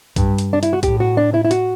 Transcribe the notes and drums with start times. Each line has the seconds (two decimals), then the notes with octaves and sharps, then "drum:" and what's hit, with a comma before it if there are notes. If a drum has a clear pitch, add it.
0.16 G2, drum: kick B1, hi-hat
0.38 drum: hi-hat
0.53 D4
0.63 E4, drum: hi-hat
0.73 F#4
0.83 A2 G4, drum: kick B1, hi-hat
1.00 F#4
1.17 D4
1.34 E4
1.45 E4
1.51 F#4, drum: hi-hat